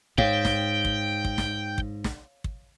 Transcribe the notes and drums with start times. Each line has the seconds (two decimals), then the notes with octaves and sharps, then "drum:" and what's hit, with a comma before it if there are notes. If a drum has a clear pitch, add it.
0.18 G#2 C#5 F5 G5, drum: kick
0.45 drum: snare
0.85 drum: kick
1.25 drum: kick
1.38 drum: snare
1.78 drum: kick
2.04 drum: snare
2.44 drum: kick